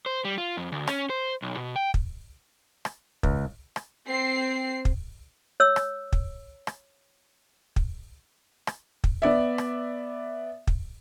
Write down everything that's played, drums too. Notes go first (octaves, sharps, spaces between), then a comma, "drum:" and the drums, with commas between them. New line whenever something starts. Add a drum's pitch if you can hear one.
C5
G3
F4
F2
D2
C#4, drum: rim click
C5
B1
B2
G5
drum: kick
drum: rim click
C#2, drum: kick
drum: rim click
C4 C7
drum: kick
C#5 E6
drum: rim click
drum: kick
drum: rim click
drum: kick
drum: rim click
drum: kick
B3 D5 E5
drum: rim click
drum: kick